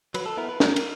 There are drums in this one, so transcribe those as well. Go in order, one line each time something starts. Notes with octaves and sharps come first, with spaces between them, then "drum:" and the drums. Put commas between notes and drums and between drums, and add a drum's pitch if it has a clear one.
F#3 B4, drum: cymbal
A4
B3 E4 A#4
B4
F#3 A#4, drum: snare
drum: cymbal